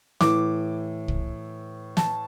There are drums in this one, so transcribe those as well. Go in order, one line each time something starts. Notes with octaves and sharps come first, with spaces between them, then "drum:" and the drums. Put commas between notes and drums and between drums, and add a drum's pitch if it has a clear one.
A2 E3 D6, drum: snare
drum: kick
A5, drum: snare